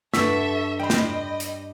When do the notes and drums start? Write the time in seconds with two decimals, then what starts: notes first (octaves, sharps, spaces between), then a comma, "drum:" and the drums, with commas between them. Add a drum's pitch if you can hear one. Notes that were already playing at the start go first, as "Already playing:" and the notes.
0.14 G2 A4 E5 F#5 C#6 E6 B6, drum: snare
0.80 G3 C5 D#5 G5 B5
0.90 drum: snare
1.40 drum: hi-hat